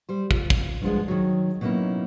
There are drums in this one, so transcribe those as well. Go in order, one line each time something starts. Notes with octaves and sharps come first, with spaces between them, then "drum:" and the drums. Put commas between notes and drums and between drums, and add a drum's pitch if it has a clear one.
G3 C5
F4, drum: kick
drum: kick
G2 D3 F3 G#3
D#3 F#3
B2 F#3 A#3 C#4 D#4 E4